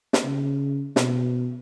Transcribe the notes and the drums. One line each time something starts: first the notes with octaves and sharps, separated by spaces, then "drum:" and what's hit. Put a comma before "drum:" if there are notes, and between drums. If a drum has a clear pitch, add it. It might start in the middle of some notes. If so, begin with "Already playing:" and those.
drum: snare
C#3
B2, drum: snare